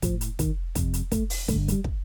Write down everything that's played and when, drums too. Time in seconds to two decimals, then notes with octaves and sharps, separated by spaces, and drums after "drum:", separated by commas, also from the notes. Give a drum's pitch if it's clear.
0.02 A2 F3, drum: kick, hi-hat
0.21 drum: hi-hat
0.39 D#3, drum: kick, hi-hat
0.75 F2 C3, drum: kick, hi-hat
0.94 drum: hi-hat
1.12 A3, drum: kick, hi-hat
1.30 drum: open hi-hat
1.48 G2 D3 A3, drum: kick, hi-hat
1.68 A3, drum: hi-hat
1.72 G3
1.84 drum: kick